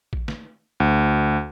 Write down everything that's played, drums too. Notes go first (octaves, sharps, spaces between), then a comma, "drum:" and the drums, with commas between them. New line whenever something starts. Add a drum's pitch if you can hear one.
drum: kick A1
drum: snare
D2